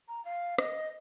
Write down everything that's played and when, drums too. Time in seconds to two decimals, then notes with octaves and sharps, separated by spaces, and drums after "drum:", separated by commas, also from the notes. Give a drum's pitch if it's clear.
0.08 A#5
0.25 F5
0.58 D#5, drum: rim click